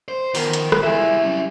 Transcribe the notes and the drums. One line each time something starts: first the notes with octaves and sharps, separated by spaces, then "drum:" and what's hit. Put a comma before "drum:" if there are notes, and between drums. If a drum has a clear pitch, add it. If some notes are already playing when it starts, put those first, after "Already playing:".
C5
D#3 F3 B3 A#4, drum: open hi-hat
drum: hi-hat
drum: rim click
G3 E4 G#4 E5
F#2